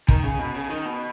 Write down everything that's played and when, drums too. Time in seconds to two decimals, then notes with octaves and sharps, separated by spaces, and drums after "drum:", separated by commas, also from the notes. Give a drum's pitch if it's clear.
0.08 D#3, drum: kick
0.23 C#3
0.39 B2
0.55 C#3
0.69 D#3
0.85 B2